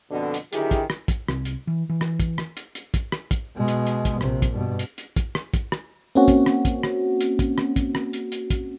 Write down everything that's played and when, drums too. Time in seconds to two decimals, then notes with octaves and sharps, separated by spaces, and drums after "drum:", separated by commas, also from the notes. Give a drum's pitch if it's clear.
0.11 F2 B2 D3
0.34 drum: hi-hat
0.53 D3 D#3 F#3 E4 G4 G#4, drum: hi-hat
0.71 drum: kick, hi-hat
0.90 drum: rim click
1.08 drum: kick, hi-hat
1.28 C2, drum: rim click
1.45 drum: hi-hat
1.67 E3
1.89 E3
2.01 drum: rim click
2.20 drum: kick, hi-hat
2.38 drum: rim click
2.57 drum: hi-hat
2.75 drum: hi-hat
2.94 drum: kick, hi-hat
3.12 drum: rim click
3.31 drum: kick, hi-hat
3.56 B2 G#3
3.68 drum: hi-hat
3.87 drum: hi-hat
4.05 drum: kick, hi-hat
4.21 A#1 C3, drum: rim click
4.42 drum: kick, hi-hat
4.53 G2 B2
4.79 drum: hi-hat
4.98 drum: hi-hat
5.16 drum: kick, hi-hat
5.35 drum: rim click
5.54 drum: kick, hi-hat
5.72 drum: rim click
6.15 A#3 C4 C#4 F#4
6.28 drum: kick, hi-hat
6.46 drum: rim click
6.65 drum: kick, hi-hat
6.83 drum: rim click
7.21 drum: hi-hat
7.39 drum: kick, hi-hat
7.58 drum: rim click
7.76 drum: kick, hi-hat
7.95 drum: rim click
8.13 drum: hi-hat
8.32 drum: hi-hat
8.50 drum: kick, hi-hat